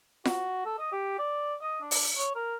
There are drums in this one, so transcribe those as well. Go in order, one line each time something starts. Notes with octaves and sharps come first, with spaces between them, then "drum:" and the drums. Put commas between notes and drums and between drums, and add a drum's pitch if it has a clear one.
F#4, drum: snare F4
A4
D#5
G4
D5
D#5
D4
drum: open hi-hat
C#5
A#4